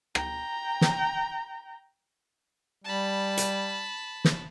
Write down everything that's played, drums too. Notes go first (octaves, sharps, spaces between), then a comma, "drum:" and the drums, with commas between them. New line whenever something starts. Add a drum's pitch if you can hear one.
G5 A#5, drum: rim click
drum: snare
G3 A5 B5
drum: hi-hat
drum: snare